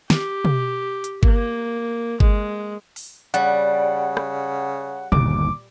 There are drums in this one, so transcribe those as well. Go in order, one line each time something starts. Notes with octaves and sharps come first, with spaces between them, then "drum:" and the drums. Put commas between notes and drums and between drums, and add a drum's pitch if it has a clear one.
G4, drum: snare
drum: tom
drum: hi-hat
A#3, drum: kick G1
G#3, drum: kick G1
drum: open hi-hat
C#3 G3 F#5, drum: hi-hat
drum: rim click
G1 D#2 D6, drum: tom